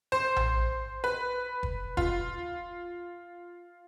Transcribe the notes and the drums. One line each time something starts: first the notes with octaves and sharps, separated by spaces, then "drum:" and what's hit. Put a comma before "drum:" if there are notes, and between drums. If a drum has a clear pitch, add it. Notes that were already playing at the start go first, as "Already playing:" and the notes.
C5
drum: tom A#1
B4
drum: kick
F4, drum: kick